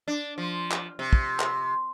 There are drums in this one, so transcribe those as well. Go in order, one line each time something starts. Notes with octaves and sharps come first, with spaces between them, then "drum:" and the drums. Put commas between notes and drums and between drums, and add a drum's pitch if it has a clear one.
D4
F3
drum: clap
C3
drum: kick
drum: clap